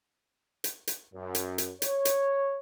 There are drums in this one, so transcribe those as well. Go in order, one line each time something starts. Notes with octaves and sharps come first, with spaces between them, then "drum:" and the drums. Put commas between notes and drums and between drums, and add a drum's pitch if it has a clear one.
drum: hi-hat
drum: hi-hat
F#2
drum: hi-hat
drum: hi-hat
C#5, drum: hi-hat
drum: hi-hat